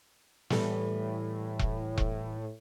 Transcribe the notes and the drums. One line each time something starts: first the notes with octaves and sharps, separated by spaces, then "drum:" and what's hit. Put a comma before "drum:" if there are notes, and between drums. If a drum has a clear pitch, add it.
A2 E3 G3 A4, drum: snare
drum: kick E1
drum: kick E1